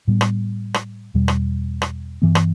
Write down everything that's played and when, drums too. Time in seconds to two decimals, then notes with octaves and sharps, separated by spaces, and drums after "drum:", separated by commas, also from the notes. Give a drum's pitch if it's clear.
0.08 A2 G3 B3
0.21 drum: rim click
0.74 drum: rim click
1.14 E2 B2 G3
1.28 drum: rim click
1.82 drum: rim click
2.22 G2 E3 B3
2.35 drum: rim click